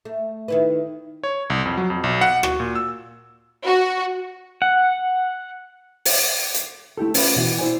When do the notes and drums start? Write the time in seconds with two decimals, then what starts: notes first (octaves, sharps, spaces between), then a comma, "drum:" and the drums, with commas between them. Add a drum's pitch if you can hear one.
0.05 A3
0.48 D#3 E4 B4
1.24 C#5
1.50 C2
1.65 F2
1.77 F#3
1.90 F2
2.04 B1
2.21 F#5
2.43 F#4, drum: rim click
2.60 A#2
2.75 E6
3.64 F#4
4.62 F#5
6.05 drum: open hi-hat
6.54 drum: hi-hat
6.97 A3 E4 G4 A4
7.14 C#4 F4 B4, drum: open hi-hat
7.36 B2 E3 F#4
7.58 E4 C5 D5 G#5